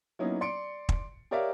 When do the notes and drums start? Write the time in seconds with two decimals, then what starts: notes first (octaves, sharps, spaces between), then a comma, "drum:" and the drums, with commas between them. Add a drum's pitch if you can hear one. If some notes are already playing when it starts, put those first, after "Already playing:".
0.19 F#3 A#3 B3 C#4 D#4 E4
0.41 D5 C6 C#7 D7
0.89 drum: kick
1.31 G4 A#4 C#5 D5 E5 F5